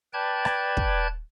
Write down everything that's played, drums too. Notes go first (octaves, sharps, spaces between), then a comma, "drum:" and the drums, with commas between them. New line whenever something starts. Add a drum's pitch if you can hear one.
B4 D5 G5 A5 F#6 G#6
drum: rim click
drum: kick